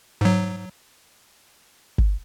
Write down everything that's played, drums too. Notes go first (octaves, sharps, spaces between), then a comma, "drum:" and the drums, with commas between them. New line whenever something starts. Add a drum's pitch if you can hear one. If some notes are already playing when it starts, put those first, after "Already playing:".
G#2 F#3
drum: kick G1